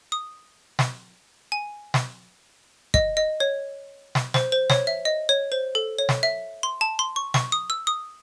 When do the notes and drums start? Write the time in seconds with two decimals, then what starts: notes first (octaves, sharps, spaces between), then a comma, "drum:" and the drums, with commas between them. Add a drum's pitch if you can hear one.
0.12 D#6
0.79 drum: snare
1.52 G#5
1.94 drum: snare
2.94 D#5, drum: kick
3.17 D#5
3.40 C#5
4.15 drum: snare
4.34 C5, drum: snare
4.52 C5
4.70 C#5, drum: snare
4.87 E5
5.05 D#5
5.29 C#5
5.52 C5
5.75 A4
5.99 C#5
6.09 drum: snare
6.23 E5
6.63 C6
6.81 A5
6.99 C6
7.16 C#6
7.34 C#6, drum: snare
7.52 D#6
7.70 E6
7.87 D#6